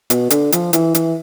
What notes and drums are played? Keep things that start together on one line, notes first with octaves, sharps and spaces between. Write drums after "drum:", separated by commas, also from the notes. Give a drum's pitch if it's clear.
B2, drum: hi-hat
D3, drum: hi-hat
F3, drum: hi-hat
E3, drum: hi-hat
E3, drum: hi-hat